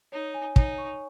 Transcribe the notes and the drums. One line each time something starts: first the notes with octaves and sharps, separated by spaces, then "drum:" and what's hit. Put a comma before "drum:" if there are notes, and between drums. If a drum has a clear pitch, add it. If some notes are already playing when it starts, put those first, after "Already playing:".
D#4 C#5
G#5
D#4 C#5, drum: kick
C#6